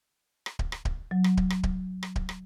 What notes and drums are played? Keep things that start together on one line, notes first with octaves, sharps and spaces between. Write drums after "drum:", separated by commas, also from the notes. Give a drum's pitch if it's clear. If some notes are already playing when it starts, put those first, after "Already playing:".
drum: rim click
drum: kick D1
drum: rim click
drum: kick D1
F#3
drum: rim click
drum: kick D1
drum: rim click
drum: kick D1
drum: rim click
drum: kick D1
drum: rim click